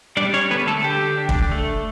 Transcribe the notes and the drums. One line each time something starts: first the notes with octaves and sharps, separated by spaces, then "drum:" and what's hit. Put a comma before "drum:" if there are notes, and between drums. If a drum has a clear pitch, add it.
G3 D4 D5
C#4 C#5
D3 B3 B4
A3 A4
D3 G4
D4
drum: kick
A3